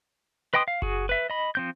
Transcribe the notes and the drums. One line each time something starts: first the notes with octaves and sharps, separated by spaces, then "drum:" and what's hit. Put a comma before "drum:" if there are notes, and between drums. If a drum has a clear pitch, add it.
B4 D#5 G5 C6 D#6
F5
F#4 G#4, drum: kick F#1
B4 E5
D#5 B5
F3 C4 G6